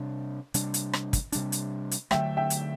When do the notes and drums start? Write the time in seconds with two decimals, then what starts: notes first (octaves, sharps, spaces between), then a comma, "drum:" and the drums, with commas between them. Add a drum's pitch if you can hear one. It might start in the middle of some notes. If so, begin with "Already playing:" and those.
Already playing: C3 G3 D4
0.54 C3 G3 D4, drum: hi-hat
0.74 drum: hi-hat
0.93 drum: rim click
1.13 drum: kick, hi-hat
1.32 C3 G3 D4, drum: hi-hat
1.52 drum: hi-hat
1.91 drum: hi-hat
2.11 D3 F#3 A3 E5 G5, drum: rim click
2.37 E5 G5
2.50 drum: hi-hat